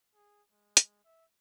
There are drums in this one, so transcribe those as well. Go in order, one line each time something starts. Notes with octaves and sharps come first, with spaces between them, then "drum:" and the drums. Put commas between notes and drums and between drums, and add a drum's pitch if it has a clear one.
G#4
G#3
drum: hi-hat
E5